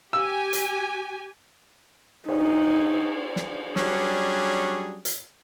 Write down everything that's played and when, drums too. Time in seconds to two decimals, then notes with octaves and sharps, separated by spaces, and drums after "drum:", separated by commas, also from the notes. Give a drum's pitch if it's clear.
0.13 G4 G#5 E6
0.53 drum: hi-hat
2.28 D#4, drum: cymbal
3.36 drum: snare
3.76 F#3 G3 C#4 D4 G#4, drum: snare
5.05 drum: hi-hat